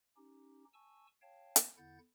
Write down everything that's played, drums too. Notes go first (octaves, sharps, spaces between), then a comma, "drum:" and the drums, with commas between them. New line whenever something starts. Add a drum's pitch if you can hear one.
C#4 D#4 G4
G#5 A5 C#6 E6
C#5 F5 G5 A5
drum: hi-hat
E2 D3 E4 F#5 G6 A6